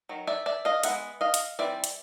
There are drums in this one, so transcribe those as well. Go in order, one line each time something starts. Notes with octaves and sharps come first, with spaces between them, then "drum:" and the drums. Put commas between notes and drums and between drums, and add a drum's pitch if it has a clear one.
D#3 F#3
D5 E5
D5 E5
D#5 F5
G#3 B3 D#4 E5 F#5, drum: hi-hat
D#5 F5
drum: hi-hat
E3 G3 C4 D5 E5
drum: hi-hat